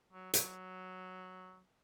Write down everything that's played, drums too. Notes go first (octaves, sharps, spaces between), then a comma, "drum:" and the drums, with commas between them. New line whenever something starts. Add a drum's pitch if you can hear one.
F#3
F#3, drum: hi-hat